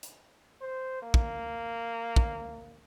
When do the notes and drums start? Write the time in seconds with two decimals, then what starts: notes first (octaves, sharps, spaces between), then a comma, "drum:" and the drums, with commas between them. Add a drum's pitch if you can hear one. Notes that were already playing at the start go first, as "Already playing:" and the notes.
0.03 drum: hi-hat
0.61 C5
1.02 A#3
1.14 drum: kick
2.16 drum: kick